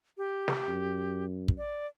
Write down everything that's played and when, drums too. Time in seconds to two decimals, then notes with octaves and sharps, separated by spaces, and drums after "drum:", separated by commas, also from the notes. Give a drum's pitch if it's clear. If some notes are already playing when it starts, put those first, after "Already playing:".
0.18 G4
0.48 drum: snare
0.68 F#2
1.48 drum: kick
1.58 D5